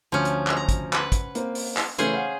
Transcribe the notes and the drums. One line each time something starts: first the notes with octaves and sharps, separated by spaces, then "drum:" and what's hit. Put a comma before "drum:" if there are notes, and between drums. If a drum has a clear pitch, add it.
D2 F3 C#4
drum: hi-hat
drum: clap
A#5
drum: kick, hi-hat
B4 F#5, drum: clap
drum: kick, hi-hat
A#3 C4, drum: hi-hat
drum: open hi-hat
drum: clap
C#3 E3 A3 C#4 G#4 C5, drum: hi-hat
F5 F#5